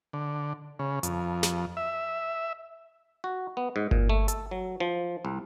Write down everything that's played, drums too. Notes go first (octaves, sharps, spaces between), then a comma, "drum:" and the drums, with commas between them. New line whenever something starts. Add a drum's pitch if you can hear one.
D3
C#3
F2, drum: hi-hat
drum: snare
E5
F#4
B3
G#2
A#2, drum: kick G1
A3
A4, drum: hi-hat
F#3
F3
C2